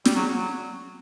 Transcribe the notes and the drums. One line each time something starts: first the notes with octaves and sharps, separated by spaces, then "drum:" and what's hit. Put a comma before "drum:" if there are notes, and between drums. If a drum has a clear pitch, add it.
G3, drum: snare
F#3
F#3